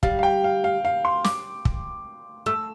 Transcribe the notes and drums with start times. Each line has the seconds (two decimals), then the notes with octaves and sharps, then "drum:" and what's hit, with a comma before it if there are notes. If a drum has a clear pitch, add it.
0.03 G3 F5, drum: kick
0.19 F5
0.23 G5
0.44 F5
0.64 F5
0.85 F5
1.05 C6
1.24 D6, drum: snare
1.65 drum: kick
2.46 A3 E6